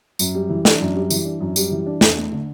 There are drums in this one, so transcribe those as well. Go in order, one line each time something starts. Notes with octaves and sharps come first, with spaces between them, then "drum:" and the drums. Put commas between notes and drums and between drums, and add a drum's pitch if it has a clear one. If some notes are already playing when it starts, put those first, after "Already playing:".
F#2, drum: tambourine
G3
E3
D4, drum: snare
F#2
G3
E3, drum: tambourine
D4
F#2
G3, drum: tambourine
E3
D4
E2, drum: snare
A3
D3